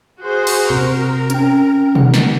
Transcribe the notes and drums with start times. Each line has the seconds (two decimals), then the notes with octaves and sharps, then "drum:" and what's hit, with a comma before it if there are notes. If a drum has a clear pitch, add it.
0.20 F#4 G#4 C5
0.47 drum: cymbal
0.70 C3 A#4
1.30 C#4 G5, drum: hi-hat
1.95 D#3 F#5, drum: tom B2
2.14 drum: snare